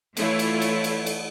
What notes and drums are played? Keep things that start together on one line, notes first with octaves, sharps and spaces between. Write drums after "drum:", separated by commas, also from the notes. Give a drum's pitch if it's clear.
E3 A3 E4 F4 C#5, drum: cymbal
drum: cymbal
drum: cymbal
drum: cymbal
drum: cymbal